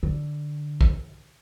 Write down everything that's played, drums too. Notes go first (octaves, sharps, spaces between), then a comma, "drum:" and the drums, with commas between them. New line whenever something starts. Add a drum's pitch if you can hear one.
D3
drum: kick